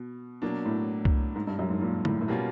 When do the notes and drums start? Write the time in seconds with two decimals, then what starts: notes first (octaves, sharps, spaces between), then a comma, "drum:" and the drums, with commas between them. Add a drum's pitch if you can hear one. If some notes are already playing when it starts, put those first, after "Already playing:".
Already playing: B2
0.42 B2 F#3 A#3 D4
0.65 A2
1.05 drum: kick C2
1.35 G#2
1.47 G2
1.59 F#2
1.70 G#2
1.82 A#2
2.05 A2, drum: tom
2.21 A2
2.28 B2 G3 A#3 C#4 F4